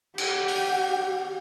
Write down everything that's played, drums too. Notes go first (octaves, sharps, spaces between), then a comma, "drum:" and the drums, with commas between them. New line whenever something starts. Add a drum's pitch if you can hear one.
G4 F#5, drum: cymbal
drum: open hi-hat